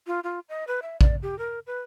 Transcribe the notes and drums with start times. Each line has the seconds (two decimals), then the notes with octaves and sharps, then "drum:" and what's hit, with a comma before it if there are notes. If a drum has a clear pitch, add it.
0.07 F4
0.24 F4
0.49 D#5
0.67 B4
0.82 E5
1.01 D5, drum: kick A1
1.22 G4
1.39 A#4
1.67 B4